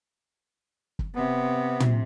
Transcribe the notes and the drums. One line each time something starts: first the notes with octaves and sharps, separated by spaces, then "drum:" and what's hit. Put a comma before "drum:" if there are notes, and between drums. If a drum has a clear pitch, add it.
drum: kick
C3 B3
drum: tom